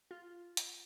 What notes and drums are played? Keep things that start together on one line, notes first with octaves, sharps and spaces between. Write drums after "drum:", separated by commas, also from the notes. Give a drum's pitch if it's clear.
F4
drum: hi-hat